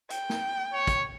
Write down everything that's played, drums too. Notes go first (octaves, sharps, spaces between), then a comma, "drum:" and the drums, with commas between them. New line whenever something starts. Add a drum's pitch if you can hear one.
G5, drum: hi-hat
drum: snare
C#5
drum: kick, hi-hat